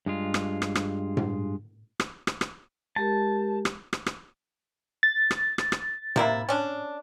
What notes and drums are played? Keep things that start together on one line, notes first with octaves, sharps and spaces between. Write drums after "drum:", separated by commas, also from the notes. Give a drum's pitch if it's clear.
G2 G#3 F4
drum: rim click
drum: rim click
drum: rim click
drum: tom A2
drum: rim click
drum: rim click
drum: rim click
G#3 G4 A#4 A5
drum: rim click
drum: rim click
drum: rim click
A6
drum: rim click
drum: rim click
drum: rim click
C3 A#3 E4, drum: tom A2
C#4 D4